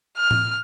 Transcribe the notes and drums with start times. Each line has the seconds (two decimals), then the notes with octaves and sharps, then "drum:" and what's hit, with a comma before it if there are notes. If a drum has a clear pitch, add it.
0.17 F6
0.31 drum: tom A2